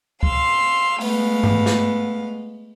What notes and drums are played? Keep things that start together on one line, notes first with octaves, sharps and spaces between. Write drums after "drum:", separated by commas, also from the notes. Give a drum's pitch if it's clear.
F5 C6 E6, drum: kick C#2
G#3 A3 B3 F5, drum: open hi-hat
drum: tom G2
drum: snare